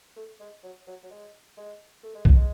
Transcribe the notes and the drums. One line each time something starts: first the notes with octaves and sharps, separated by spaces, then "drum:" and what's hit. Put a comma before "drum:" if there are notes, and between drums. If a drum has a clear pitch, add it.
A3
G#3
F#3
F#3
F#3
G#3
G#3
A3
G#3
F#3, drum: kick B1
G#3